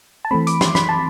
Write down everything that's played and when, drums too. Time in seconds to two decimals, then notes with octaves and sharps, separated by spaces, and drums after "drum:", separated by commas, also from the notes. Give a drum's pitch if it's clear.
0.25 A5
0.31 E3 A3 C4 B5
0.47 D6, drum: hi-hat
0.61 C6, drum: snare
0.75 B5, drum: snare
0.89 A5